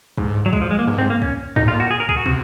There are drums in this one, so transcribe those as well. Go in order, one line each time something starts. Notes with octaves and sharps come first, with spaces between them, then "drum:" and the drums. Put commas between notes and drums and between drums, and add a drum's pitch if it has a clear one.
G#2, drum: kick
F#3
G#3, drum: kick
F3
G#3
A#3
G#2
C4
A#3
C#4, drum: kick
A#2 D#4, drum: kick
G#2
F4
A#2
F#4
G#4
A#4
G#4, drum: kick
F#4
C3, drum: kick